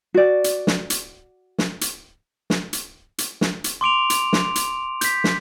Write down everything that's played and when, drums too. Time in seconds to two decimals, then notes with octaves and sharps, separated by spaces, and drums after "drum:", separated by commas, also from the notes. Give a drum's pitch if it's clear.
0.14 F#4 D5
0.44 drum: hi-hat
0.67 drum: snare
0.90 drum: hi-hat
1.58 drum: snare
1.81 drum: hi-hat
2.50 drum: snare
2.73 drum: hi-hat
3.18 drum: hi-hat
3.41 drum: snare
3.64 drum: hi-hat
3.81 C6 D6 D7 F7
4.10 drum: hi-hat
4.33 drum: snare
4.55 drum: hi-hat
5.01 G6 B6, drum: hi-hat
5.24 drum: snare